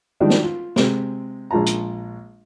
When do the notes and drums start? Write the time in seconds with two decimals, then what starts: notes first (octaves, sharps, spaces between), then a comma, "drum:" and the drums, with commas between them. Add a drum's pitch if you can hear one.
0.20 D#3 F3 G3 G#3 D4 D#4
0.30 drum: snare
0.43 F4
0.76 C3 G#3, drum: snare
1.51 A#1 G#3 F4 A5 A#5
1.66 drum: hi-hat